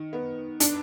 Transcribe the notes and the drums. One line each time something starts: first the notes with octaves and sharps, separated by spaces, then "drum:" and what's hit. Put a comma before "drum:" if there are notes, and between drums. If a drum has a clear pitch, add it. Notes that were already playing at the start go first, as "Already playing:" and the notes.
Already playing: D#3
B3
D4, drum: hi-hat